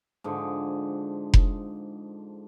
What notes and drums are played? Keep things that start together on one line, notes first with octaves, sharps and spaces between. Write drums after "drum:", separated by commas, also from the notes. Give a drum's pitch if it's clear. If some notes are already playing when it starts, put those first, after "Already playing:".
G#2 D3 F3
drum: kick F1